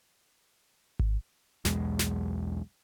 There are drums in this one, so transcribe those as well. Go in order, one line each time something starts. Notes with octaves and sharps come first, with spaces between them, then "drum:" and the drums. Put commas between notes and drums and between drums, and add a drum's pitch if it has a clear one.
drum: kick G#1
B1 E2 B2 G#3, drum: snare
drum: snare